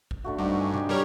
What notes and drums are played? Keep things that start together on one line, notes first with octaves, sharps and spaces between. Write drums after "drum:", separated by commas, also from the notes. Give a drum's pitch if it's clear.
drum: kick
D3 A3 F#4
G2 C4 D4 D#4
G#5
G4 D#5, drum: tom B2
G3 D4 A#4 C#5